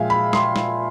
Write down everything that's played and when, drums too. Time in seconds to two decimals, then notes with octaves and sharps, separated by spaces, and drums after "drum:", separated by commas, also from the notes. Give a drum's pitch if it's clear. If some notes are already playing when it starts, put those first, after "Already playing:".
Already playing: A#2 F3 G#3 E5 F5 G5 G#5
0.10 B5
0.33 C6, drum: snare
0.56 drum: snare